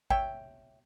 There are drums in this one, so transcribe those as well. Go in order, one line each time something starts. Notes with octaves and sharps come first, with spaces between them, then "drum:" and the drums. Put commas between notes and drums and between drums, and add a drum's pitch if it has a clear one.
C#5 E5 G5, drum: kick G#1